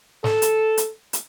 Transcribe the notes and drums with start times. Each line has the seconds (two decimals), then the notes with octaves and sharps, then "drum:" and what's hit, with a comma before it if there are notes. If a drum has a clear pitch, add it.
0.24 A4, drum: snare
0.42 drum: hi-hat
0.78 drum: hi-hat
1.13 drum: hi-hat